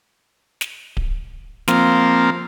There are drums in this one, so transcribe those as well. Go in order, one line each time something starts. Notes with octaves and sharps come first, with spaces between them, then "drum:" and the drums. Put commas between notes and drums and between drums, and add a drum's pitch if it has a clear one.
drum: snare
drum: kick D1
F3 A#3 C4, drum: snare